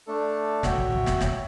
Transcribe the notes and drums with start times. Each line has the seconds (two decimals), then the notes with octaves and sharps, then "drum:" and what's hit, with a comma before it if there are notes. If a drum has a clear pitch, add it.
0.07 A3 D4 A4
0.63 F#4 C#5 E5 G5, drum: snare
0.78 drum: kick
0.92 drum: kick
1.06 drum: snare
1.21 drum: snare